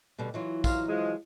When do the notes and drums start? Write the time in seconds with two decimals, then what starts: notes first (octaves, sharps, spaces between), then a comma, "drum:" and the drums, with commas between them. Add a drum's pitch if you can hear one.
0.18 B2 D3 G3
0.34 E3 F#3 F4
0.64 D#4 C5 F5, drum: kick, tambourine
0.88 F3 G#3